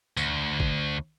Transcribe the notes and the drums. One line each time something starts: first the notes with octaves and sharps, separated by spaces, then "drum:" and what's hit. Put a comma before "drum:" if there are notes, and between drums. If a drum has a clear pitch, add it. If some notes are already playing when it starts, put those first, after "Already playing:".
D2, drum: tambourine
drum: kick